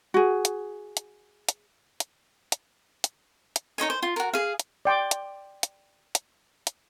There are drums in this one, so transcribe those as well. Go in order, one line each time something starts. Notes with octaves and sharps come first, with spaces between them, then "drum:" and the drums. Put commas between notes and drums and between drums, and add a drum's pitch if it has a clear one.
F#4 G#4
drum: hi-hat
drum: hi-hat
drum: hi-hat
drum: hi-hat
drum: hi-hat
drum: hi-hat
drum: hi-hat
D#4 C#5 D#5 G#5
C5
F4
F#4 A#4
G#4 F5
drum: hi-hat
D5 G5 C6 D6
drum: hi-hat
drum: hi-hat
drum: hi-hat
drum: hi-hat